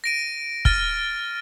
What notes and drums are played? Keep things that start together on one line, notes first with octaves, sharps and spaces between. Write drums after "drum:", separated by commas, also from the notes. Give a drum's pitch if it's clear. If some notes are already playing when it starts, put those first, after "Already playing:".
A#6 D7 D#7
F6 A6 D#7, drum: kick